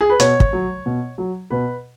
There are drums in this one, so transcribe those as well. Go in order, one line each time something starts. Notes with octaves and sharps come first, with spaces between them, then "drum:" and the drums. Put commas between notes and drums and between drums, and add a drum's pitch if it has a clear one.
G#4
B4
B2 C#5, drum: hi-hat
drum: kick
F#3
B2
F#3
B2 B4